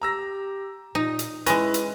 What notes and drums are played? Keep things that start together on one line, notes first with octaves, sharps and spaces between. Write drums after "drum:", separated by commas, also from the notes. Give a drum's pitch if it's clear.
G4 A#5 E6 A#6
A#2 D#4
drum: hi-hat
G#3 C#4 E4 B4 A#6, drum: hi-hat
drum: hi-hat